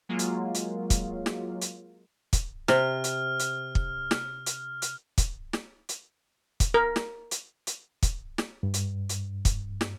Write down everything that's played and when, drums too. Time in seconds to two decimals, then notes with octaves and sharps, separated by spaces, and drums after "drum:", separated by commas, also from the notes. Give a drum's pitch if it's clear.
0.09 F#3 G#3 A#3 F4
0.19 drum: hi-hat
0.55 drum: hi-hat
0.90 drum: kick, hi-hat
1.26 drum: snare
1.61 drum: hi-hat
2.33 drum: kick, hi-hat
2.68 C3 F6, drum: snare
3.04 drum: hi-hat
3.40 drum: hi-hat
3.75 drum: kick
4.11 drum: snare
4.46 drum: hi-hat
4.82 drum: hi-hat
5.18 drum: kick, hi-hat
5.53 drum: snare
5.89 drum: hi-hat
6.60 drum: kick, hi-hat
6.74 A#4
6.96 drum: snare
7.31 drum: hi-hat
7.67 drum: hi-hat
8.03 drum: kick, hi-hat
8.38 drum: snare
8.63 G2
8.74 drum: hi-hat
9.09 drum: hi-hat
9.45 drum: kick, hi-hat
9.81 drum: snare